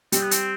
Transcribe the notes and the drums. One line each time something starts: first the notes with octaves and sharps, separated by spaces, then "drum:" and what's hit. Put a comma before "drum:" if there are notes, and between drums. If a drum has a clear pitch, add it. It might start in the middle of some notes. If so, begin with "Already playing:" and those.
G3 C4, drum: hi-hat
B3
C4, drum: hi-hat